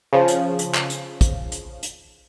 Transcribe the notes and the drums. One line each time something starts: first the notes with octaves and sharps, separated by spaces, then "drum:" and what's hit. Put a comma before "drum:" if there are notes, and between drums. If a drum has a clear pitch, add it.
C#3 F3
drum: hi-hat
drum: hi-hat
drum: clap
drum: hi-hat
drum: kick, hi-hat
drum: hi-hat
drum: hi-hat